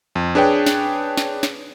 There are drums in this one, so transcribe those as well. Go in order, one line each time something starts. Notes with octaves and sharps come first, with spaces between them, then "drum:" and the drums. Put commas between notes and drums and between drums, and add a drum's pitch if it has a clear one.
F2
D4 G#4 B4 C#5 G5
drum: snare
drum: snare
drum: snare